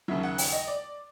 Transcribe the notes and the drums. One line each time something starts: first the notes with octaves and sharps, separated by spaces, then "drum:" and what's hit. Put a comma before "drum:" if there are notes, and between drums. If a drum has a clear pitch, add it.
D#2 C#3 F#3 E5
F#5
G5, drum: open hi-hat
D#5
D5